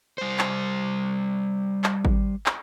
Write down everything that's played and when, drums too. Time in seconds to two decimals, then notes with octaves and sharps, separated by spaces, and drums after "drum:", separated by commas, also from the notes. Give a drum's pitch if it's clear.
0.18 G3 C5
0.39 drum: clap
1.84 drum: clap
2.05 drum: kick G#1
2.46 drum: clap